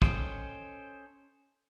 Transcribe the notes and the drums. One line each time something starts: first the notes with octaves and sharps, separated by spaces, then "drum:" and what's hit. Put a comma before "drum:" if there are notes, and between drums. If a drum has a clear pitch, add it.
C#4 A4 C5 D#5 G5, drum: kick